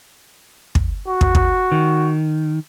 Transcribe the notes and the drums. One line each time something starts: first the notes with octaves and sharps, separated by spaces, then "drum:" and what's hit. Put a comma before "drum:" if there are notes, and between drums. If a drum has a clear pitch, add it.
drum: kick
F#4
drum: kick
drum: kick
D#3